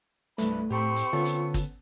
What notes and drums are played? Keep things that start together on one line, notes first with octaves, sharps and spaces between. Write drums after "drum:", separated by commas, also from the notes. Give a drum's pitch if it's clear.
C2 G2 A3 B4, drum: hi-hat
A2 C4 G4 A4 B5 C#6
drum: hi-hat
D3 B3 C#4 F4 A4
drum: hi-hat
drum: kick, hi-hat